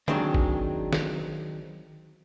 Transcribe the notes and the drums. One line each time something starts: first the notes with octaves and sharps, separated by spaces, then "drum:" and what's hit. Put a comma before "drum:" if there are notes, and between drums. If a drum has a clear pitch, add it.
D#3 F#3 G#3 C4 D4, drum: tom D3
drum: kick G1
drum: snare